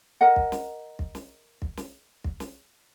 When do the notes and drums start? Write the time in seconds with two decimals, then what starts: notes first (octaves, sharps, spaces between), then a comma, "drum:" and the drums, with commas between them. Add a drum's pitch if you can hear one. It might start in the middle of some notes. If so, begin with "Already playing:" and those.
0.21 A#4 D#5 F#5
0.36 drum: kick
0.52 drum: snare
0.99 drum: kick
1.15 drum: snare
1.62 drum: kick
1.77 drum: snare
2.24 drum: kick
2.40 drum: snare